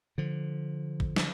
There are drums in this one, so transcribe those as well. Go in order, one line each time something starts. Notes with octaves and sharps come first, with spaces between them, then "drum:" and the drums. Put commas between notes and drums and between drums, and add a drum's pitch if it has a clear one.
D3 F3
drum: kick
drum: snare